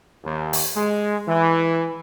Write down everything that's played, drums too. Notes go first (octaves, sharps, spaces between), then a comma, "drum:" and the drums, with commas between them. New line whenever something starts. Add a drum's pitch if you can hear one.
D#2
drum: open hi-hat
G#3
E3